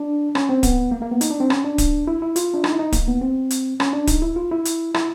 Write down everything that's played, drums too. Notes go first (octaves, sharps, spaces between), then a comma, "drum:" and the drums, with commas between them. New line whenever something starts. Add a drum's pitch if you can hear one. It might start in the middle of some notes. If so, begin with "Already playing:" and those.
Already playing: D4
C#4, drum: rim click
C4
B3, drum: kick D1, hi-hat
A#3
A#3
B3
D#4, drum: hi-hat
D4
C4
C#4, drum: rim click
D4
drum: kick D1, hi-hat
E4
E4
F4, drum: hi-hat
D4
D#4, drum: rim click
E4
D#4
A#3, drum: kick D1, hi-hat
B3
C4
drum: hi-hat
C#4, drum: rim click
D4
D#4, drum: kick D1, hi-hat
E4
F4
E4
drum: hi-hat
E4, drum: rim click